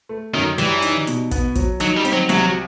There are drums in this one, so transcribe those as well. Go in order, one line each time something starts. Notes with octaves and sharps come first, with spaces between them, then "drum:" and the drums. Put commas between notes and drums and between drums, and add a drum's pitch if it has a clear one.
A3
F#2 D#3
E3 G3, drum: hi-hat
D#4, drum: hi-hat
B2, drum: hi-hat
B3, drum: kick, hi-hat
F#3, drum: kick, hi-hat
F#3 D#4, drum: hi-hat
G3
C4, drum: hi-hat
F#3
C2 F#3, drum: hi-hat